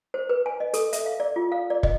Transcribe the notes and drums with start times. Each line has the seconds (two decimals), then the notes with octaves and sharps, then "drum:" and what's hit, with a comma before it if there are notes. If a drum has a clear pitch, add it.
0.14 C5
0.29 B4
0.46 G#5
0.60 D#5
0.74 A4, drum: hi-hat
0.93 E5, drum: hi-hat
1.06 F5
1.20 D5
1.36 F4
1.52 F5
1.70 D5
1.83 D#5, drum: kick